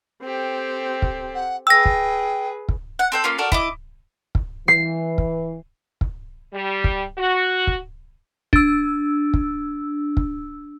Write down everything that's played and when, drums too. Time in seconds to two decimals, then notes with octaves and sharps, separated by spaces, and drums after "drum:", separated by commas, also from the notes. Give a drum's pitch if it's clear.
0.23 C4 G4 A4
1.02 drum: kick
1.34 F#5
1.67 G#4 B4 G5 E6 A#6
1.85 drum: kick
2.69 drum: kick
2.99 F#5
3.12 C4 A4 G5
3.24 A#3 C#4 F4
3.38 F#4 A4 A#4 D5
3.52 E4 D#5 D6, drum: kick
4.35 drum: kick
4.68 E3 C7
5.18 drum: kick
6.01 drum: kick
6.52 G3
6.84 drum: kick
7.18 F#4
7.67 drum: kick
8.53 D4 E6, drum: kick
9.34 drum: kick
10.17 drum: kick